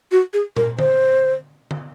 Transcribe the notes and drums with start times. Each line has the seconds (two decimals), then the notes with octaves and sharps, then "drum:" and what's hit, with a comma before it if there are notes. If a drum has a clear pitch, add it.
0.12 F#4
0.33 G#4
0.57 A#4, drum: tom
0.79 C5, drum: tom D3
1.71 drum: tom D3